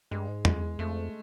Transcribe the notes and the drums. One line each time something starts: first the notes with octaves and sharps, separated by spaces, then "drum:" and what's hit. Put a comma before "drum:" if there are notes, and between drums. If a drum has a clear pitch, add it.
G2 G#3
G#2
F2 G#3, drum: tom
E2
F2 A3